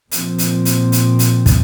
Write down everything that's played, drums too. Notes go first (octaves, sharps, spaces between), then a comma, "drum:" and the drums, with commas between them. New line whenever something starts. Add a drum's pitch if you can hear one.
A#2 F3 C4, drum: hi-hat
drum: hi-hat
drum: hi-hat
drum: hi-hat
drum: hi-hat
drum: kick, hi-hat